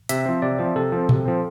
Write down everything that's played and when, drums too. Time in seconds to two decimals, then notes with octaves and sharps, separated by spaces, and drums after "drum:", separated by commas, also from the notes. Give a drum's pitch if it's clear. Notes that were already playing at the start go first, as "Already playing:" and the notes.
0.09 C3 E5, drum: hi-hat
0.26 F3 C4
0.42 C3 D5
0.59 F3 C4 C5
0.76 C3 A4
0.92 F3 C4
1.09 C3, drum: tom A#2
1.25 F3 C4